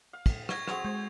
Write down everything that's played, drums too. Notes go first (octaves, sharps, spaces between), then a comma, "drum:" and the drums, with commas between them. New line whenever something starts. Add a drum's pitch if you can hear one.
F5
drum: kick, cymbal
C#6 G#6 A#6, drum: rim click
C4 F#4 G#4 F7, drum: rim click
G#3 C5